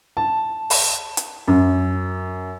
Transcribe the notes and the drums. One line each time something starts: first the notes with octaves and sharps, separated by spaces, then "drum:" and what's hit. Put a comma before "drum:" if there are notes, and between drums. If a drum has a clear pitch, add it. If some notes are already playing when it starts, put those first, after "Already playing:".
A5
drum: open hi-hat
drum: hi-hat
F#2